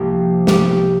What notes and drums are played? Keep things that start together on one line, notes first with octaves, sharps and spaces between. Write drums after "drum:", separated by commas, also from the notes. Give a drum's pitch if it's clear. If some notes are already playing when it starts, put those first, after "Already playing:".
Already playing: C2 C3 F3 A#3 G4
G4, drum: snare